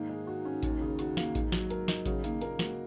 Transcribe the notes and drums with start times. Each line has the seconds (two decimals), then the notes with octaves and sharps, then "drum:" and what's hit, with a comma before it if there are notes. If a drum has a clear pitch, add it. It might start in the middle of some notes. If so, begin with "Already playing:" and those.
Already playing: G#2 D#3 A#3
0.09 G#3
0.27 F#4
0.45 C#4
0.63 D#2, drum: kick A1, hi-hat
0.81 C#3
0.99 F#4, drum: hi-hat
1.17 A#3, drum: snare
1.35 G#2, drum: kick A1, hi-hat
1.52 F#3, drum: snare
1.70 A#4, drum: hi-hat
1.88 D#4, drum: snare
2.06 C#3 F#3, drum: kick A1, hi-hat
2.24 D#3 A#3, drum: hi-hat
2.41 A#2 A#4, drum: hi-hat
2.59 G#2 F#4, drum: snare